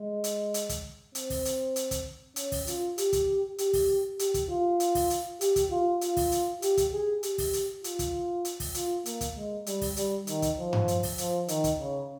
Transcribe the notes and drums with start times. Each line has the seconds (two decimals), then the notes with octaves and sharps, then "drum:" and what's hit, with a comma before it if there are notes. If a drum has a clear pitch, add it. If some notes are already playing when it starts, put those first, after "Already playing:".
Already playing: G#3
0.24 drum: hi-hat
0.54 drum: hi-hat
0.69 drum: kick, hi-hat
1.15 C4, drum: hi-hat
1.30 drum: kick, open hi-hat
1.45 drum: hi-hat
1.76 drum: hi-hat
1.91 drum: kick, hi-hat
2.36 C#4, drum: hi-hat
2.52 drum: kick, open hi-hat
2.67 F4, drum: hi-hat
2.98 G4, drum: hi-hat
3.13 drum: kick, hi-hat
3.58 G4, drum: hi-hat
3.73 drum: kick, open hi-hat
4.19 G4, drum: hi-hat
4.34 drum: kick, hi-hat
4.50 F4
4.80 drum: hi-hat
4.95 drum: kick, open hi-hat
5.10 drum: hi-hat
5.41 G4, drum: hi-hat
5.56 drum: kick, hi-hat
5.71 F4
6.01 F4, drum: hi-hat
6.17 drum: kick, open hi-hat
6.32 drum: hi-hat
6.62 G4, drum: hi-hat
6.77 drum: kick, hi-hat
6.92 G#4
7.23 G4, drum: hi-hat
7.38 drum: kick, open hi-hat
7.53 drum: hi-hat
7.84 F4, drum: hi-hat
7.99 drum: kick, hi-hat
8.45 drum: hi-hat
8.60 drum: kick, open hi-hat
8.74 F4, drum: hi-hat
9.06 A#3, drum: hi-hat
9.21 drum: kick, hi-hat
9.36 G#3
9.66 G3, drum: hi-hat
9.81 drum: kick, open hi-hat
9.97 G3, drum: hi-hat
10.27 D#3, drum: hi-hat
10.42 drum: kick, hi-hat
10.58 F3
10.73 drum: tom G2
10.88 drum: hi-hat
11.03 drum: kick, open hi-hat
11.18 F3, drum: hi-hat
11.48 D#3, drum: hi-hat
11.64 drum: kick, hi-hat
11.79 C#3